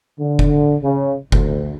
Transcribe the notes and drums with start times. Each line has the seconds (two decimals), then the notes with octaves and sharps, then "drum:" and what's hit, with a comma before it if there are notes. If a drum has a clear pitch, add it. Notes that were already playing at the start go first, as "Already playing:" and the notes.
0.20 D3
0.39 drum: kick F#1
0.82 C#3
1.32 D2, drum: kick F#1